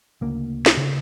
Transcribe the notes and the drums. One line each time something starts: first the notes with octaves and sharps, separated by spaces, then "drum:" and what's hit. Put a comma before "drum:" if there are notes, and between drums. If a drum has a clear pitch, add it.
D2 C#3 A#3
drum: snare
C#3